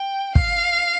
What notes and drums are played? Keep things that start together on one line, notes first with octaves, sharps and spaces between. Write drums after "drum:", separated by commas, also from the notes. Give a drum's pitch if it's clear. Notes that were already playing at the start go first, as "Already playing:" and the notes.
Already playing: G5
F5, drum: kick